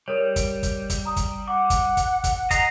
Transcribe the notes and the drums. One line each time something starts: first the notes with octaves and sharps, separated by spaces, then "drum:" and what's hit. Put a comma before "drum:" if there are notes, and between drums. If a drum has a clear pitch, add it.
G3 A#4 C#5
drum: kick, hi-hat
drum: kick, hi-hat
drum: kick, hi-hat
A#5 D#6
drum: kick, hi-hat
F#5 D6
drum: kick, hi-hat
drum: kick, hi-hat
drum: kick, hi-hat
D#5 A#5 C7, drum: kick, hi-hat